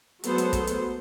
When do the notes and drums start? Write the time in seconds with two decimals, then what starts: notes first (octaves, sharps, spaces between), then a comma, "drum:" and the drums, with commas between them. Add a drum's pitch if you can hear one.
0.24 F#3 G#3 A3 B3 A4 C5, drum: hi-hat
0.38 drum: hi-hat
0.53 drum: kick, hi-hat
0.67 drum: hi-hat